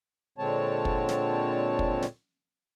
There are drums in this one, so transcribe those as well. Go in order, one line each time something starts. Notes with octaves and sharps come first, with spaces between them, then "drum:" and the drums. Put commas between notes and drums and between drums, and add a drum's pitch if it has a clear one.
A#2 D3 G#3 C4 C#5 A5
drum: kick
drum: snare
drum: kick
drum: snare